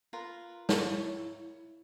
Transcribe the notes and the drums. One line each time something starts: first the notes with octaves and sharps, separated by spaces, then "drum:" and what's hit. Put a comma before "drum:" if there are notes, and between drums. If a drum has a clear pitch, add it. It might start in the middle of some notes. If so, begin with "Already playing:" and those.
F4 A#4 B4
E4 C#5, drum: snare